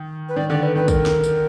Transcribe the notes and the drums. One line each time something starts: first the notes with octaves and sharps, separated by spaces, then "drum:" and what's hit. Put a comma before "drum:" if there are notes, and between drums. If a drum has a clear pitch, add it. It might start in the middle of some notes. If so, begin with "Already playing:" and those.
Already playing: D#3
B4
D#3 D5
D3 D5
B4
D#3 B4
A#4, drum: kick, tambourine
drum: snare
drum: tambourine